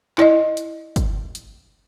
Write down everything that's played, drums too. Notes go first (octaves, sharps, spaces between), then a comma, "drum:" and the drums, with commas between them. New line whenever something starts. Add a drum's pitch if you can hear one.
E4 D5 D#5, drum: clap
drum: hi-hat
drum: kick, hi-hat
drum: hi-hat